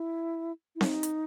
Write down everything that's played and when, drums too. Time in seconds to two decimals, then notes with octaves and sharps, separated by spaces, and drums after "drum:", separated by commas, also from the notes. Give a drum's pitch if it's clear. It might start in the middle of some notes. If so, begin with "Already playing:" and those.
Already playing: E4
0.75 E4
0.81 D#4, drum: snare C4
1.03 drum: hi-hat